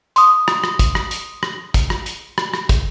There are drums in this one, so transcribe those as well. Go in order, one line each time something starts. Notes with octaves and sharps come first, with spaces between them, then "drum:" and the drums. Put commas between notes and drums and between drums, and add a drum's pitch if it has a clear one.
C6 D#6, drum: hi-hat
drum: rim click
drum: rim click
drum: kick, hi-hat
drum: rim click
drum: hi-hat
drum: rim click
drum: kick, hi-hat
drum: rim click
drum: hi-hat
drum: rim click
drum: rim click
drum: kick, hi-hat